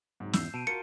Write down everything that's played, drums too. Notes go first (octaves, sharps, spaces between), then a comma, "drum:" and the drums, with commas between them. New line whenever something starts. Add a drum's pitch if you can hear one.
G#2 C3 F#3
E2 E6 G6 C7, drum: snare
B2 A5 D7 D#7
F4 F#4 A#4 C#7